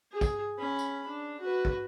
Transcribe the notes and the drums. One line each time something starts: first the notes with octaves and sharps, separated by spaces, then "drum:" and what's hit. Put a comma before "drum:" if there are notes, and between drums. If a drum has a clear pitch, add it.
G#4
drum: kick, tambourine
C#4 B5
drum: tambourine
D4
F#4 B4
drum: kick